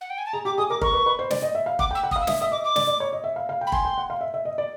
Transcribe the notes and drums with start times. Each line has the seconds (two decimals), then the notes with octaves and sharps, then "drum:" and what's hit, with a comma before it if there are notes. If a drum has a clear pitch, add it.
0.01 F#5
0.10 G5
0.18 G#5
0.26 A5
0.33 G#4 A#5
0.45 G4 D6
0.58 G#4 D#6
0.70 A#4 D6
0.81 A#4 C#6, drum: kick
0.94 B4
1.06 B4
1.19 C5
1.30 D5, drum: snare
1.42 D#5
1.55 E5
1.66 F5
1.79 F#5 D6, drum: kick
1.91 G5 E6
2.04 F#5
2.11 D#6, drum: kick
2.16 F5
2.21 E6
2.27 E5 D#6, drum: snare
2.40 E5 D#6
2.52 D#5 D6
2.64 D6
2.76 D5, drum: snare
2.87 D5
3.00 C#5
3.13 D#5
3.24 E5
3.36 F5
3.49 F5
3.61 G5
3.67 B5
3.72 G#5 C6, drum: kick
3.85 G5
3.98 F#5
4.10 F5
4.21 E5
4.34 E5
4.45 D#5
4.58 D5